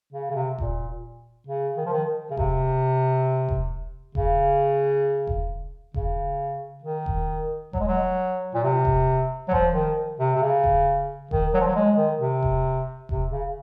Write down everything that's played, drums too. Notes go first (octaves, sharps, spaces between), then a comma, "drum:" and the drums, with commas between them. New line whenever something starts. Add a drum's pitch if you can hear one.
C#3
C#3
C3
A#2, drum: kick E1
C#3
D#3
F3
D#3
C#3
C3, drum: kick E1
drum: kick E1
C#3, drum: kick E1
drum: kick E1
C#3, drum: kick E1
D#3
drum: kick E1
F#3, drum: kick E1
G#3
F#3
A#2
C3
drum: kick E1
F#3
F3, drum: kick E1
D#3
C3
C3
C#3
drum: kick E1
D#3, drum: kick E1
F#3
F3
F#3
G#3
D#3
C3
drum: kick E1
C3, drum: kick E1
C#3